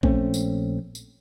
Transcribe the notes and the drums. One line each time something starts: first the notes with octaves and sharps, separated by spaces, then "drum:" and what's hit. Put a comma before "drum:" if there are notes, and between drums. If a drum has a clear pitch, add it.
A#1 A3 C4 C#4, drum: kick A#1
drum: tambourine
drum: tambourine